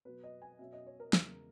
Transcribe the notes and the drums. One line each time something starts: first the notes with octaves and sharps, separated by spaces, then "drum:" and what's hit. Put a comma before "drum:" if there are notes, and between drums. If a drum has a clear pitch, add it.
B2 F#3 B3 B4
D#5
G#5
B2 F#3 C#4 E5
D#5
C#5
A#4
E2 C#3 G#3, drum: snare